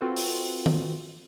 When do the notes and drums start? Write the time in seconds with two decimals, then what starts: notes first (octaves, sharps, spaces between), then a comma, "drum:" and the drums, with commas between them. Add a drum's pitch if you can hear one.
0.01 C4 F4 F#4 A4 B4 C5
0.16 drum: open hi-hat
0.66 drum: tom